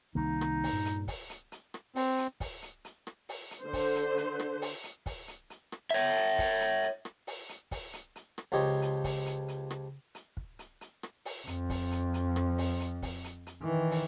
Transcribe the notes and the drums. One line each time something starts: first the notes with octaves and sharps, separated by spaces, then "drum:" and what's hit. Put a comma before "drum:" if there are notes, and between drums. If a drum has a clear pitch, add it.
C2 D#3 A#3 D#4
drum: rim click
drum: open hi-hat
G2 A#2
drum: hi-hat
drum: kick, open hi-hat
drum: hi-hat
drum: hi-hat
drum: rim click
C4, drum: open hi-hat
drum: hi-hat
drum: kick, open hi-hat
drum: hi-hat
drum: hi-hat
drum: rim click
drum: open hi-hat
drum: hi-hat
D3 C5
drum: kick, open hi-hat
drum: hi-hat
drum: hi-hat
drum: rim click
drum: open hi-hat
drum: hi-hat
drum: kick, open hi-hat
drum: hi-hat
drum: hi-hat
drum: rim click
C#5 E5
drum: hi-hat
drum: kick, open hi-hat
drum: hi-hat
drum: hi-hat
drum: rim click
drum: open hi-hat
drum: hi-hat
drum: kick, open hi-hat
drum: hi-hat
drum: hi-hat
drum: rim click
C#2 F3 G4 C#5 D#5
drum: hi-hat
drum: kick, open hi-hat
drum: hi-hat
drum: hi-hat
drum: rim click
drum: hi-hat
drum: kick
drum: hi-hat
drum: hi-hat
drum: rim click
drum: open hi-hat
F2, drum: hi-hat
drum: kick, open hi-hat
drum: hi-hat
drum: hi-hat
drum: rim click
drum: open hi-hat
drum: hi-hat
drum: kick, open hi-hat
drum: hi-hat
drum: hi-hat
D#3 E3
drum: open hi-hat